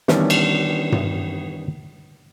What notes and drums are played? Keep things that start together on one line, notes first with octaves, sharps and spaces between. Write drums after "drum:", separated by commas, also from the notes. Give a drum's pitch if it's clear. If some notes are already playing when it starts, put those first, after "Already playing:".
D#3 E3 G3 B3 C#4 D4, drum: snare
drum: cymbal
drum: tom G2